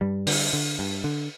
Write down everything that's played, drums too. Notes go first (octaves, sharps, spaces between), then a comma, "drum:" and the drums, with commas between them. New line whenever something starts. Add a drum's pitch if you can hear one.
G2 G3
D3, drum: open hi-hat
D3
G2
D3